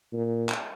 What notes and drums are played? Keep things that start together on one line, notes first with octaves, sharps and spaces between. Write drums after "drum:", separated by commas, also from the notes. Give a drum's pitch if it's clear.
A#2
drum: clap